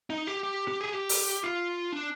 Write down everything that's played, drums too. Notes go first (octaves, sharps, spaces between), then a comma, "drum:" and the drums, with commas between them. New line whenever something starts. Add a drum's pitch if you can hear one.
D#4
G4
G4
G4
G#4
G4
drum: open hi-hat
F4
D4